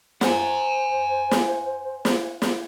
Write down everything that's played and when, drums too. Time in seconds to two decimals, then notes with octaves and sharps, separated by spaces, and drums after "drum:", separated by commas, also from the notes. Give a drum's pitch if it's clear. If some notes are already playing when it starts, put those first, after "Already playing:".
0.21 C5 F#5 G#5, drum: snare
1.31 drum: snare
2.05 drum: snare
2.42 drum: snare